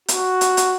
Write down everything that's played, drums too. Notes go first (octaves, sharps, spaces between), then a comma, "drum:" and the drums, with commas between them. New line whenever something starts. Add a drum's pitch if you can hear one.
F#4, drum: hi-hat
drum: hi-hat
drum: hi-hat